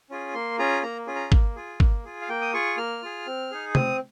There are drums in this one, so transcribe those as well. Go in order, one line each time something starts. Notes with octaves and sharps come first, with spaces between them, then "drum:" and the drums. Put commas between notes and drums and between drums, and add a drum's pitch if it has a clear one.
C#4 F4 G#4
A#3 C6
C#4 F4 G#4 A#5
A#3 A#5
C#4 F4 G#4
A#5
A#3, drum: kick
F4 G#4
A#3, drum: kick
F4 G#4
F5
A#3 G5
D#6
F4 G#4 C#6
A#3 F6
F4 G#4
C4
D#4 G#4
C4 D#6, drum: tom C3